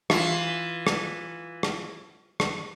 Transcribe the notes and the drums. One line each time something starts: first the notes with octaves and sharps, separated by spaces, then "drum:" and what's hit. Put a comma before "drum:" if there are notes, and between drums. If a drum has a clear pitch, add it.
E3 F4, drum: rim click
drum: rim click
drum: rim click
drum: rim click